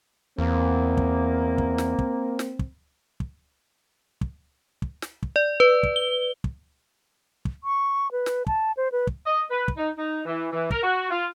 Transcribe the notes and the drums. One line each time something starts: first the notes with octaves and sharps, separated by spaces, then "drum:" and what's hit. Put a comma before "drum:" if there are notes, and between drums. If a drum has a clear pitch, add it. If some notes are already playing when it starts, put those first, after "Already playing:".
E2 A#3 C4
drum: kick
drum: kick
drum: snare
drum: kick
drum: snare
drum: kick
drum: kick
drum: kick
drum: kick
drum: snare
drum: kick
D5
B4
drum: kick
G7
drum: kick
drum: kick
C#6
B4
drum: snare
A5, drum: kick
C5
B4
drum: kick
D#5
B4
drum: kick
D#4
D#4
E3
E3
A#4, drum: kick
F#4
F4